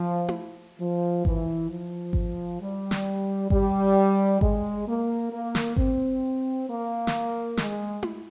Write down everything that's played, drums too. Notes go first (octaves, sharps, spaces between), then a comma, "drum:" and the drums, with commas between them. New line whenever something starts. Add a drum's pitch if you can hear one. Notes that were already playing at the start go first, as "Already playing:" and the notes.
Already playing: F3
drum: tom E4
F3
E3, drum: kick G#1
F3
drum: kick G#1
G3
drum: snare
G3, drum: kick G#1
G#3, drum: kick G#1
A#3
A#3
drum: snare
C4, drum: kick G#1
A#3
drum: snare
G#3, drum: snare
drum: tom E4